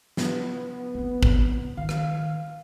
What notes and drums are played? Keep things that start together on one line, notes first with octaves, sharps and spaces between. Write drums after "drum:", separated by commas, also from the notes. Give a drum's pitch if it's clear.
B3, drum: snare
F3 C4
drum: kick
D#3 A#3 F5
drum: rim click